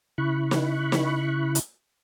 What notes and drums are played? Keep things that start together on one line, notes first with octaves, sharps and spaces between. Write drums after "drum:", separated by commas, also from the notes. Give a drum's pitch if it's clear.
C#3 E4 B5 C#6 F#6
drum: snare
drum: snare
drum: hi-hat